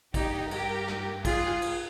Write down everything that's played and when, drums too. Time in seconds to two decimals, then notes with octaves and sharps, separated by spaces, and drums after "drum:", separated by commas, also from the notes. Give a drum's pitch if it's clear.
0.14 G2 G3 D#4 G4, drum: kick, cymbal
0.51 G4 A#4, drum: cymbal
0.88 drum: snare
1.25 F4 G#4, drum: kick, cymbal
1.62 drum: cymbal